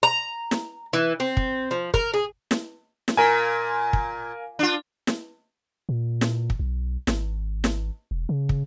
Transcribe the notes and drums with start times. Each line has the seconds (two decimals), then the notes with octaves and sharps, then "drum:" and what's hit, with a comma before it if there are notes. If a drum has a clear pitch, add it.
0.03 A#5
0.51 drum: snare
0.93 E3
1.20 C4
1.37 drum: kick
1.71 F3
1.94 A#4, drum: kick
2.14 G#4
2.51 drum: snare
3.08 drum: snare
3.17 A#2 A#4 G#5
3.93 drum: kick
4.59 D4 F4
5.07 drum: snare
5.89 A#2
6.21 drum: snare
6.50 drum: kick
6.59 B1
7.07 G#1, drum: snare
7.64 drum: snare
8.11 E1
8.29 C#3
8.49 drum: kick